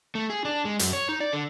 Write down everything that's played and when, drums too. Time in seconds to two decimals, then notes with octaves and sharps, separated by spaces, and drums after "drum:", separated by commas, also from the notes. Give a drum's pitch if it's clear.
0.15 A3
0.30 G#4
0.45 D4
0.65 G#3
0.79 F#2, drum: hi-hat
0.93 C#5
1.09 D#4
1.20 D5
1.33 D3